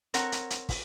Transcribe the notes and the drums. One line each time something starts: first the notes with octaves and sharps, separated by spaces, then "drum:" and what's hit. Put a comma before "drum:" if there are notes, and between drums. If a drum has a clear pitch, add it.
C4 A#4 C#5 F#5, drum: hi-hat
drum: hi-hat
drum: hi-hat
drum: kick, open hi-hat